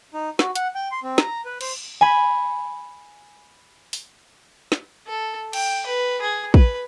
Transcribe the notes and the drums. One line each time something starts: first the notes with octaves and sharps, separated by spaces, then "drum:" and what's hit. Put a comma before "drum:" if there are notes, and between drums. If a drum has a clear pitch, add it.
D#4
F#4, drum: snare
F#5, drum: hi-hat
G5
C6
C4
A#5, drum: snare
B4
C5, drum: cymbal
G#5 B5
drum: open hi-hat
drum: snare
A4
G5, drum: cymbal
B4
G#4
B4, drum: kick